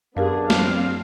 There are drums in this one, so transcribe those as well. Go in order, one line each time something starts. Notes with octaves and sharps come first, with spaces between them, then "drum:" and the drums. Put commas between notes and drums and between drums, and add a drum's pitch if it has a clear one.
F#2 B3 D4 G4 G#4 A#4 F5
F#3 C4 F5, drum: snare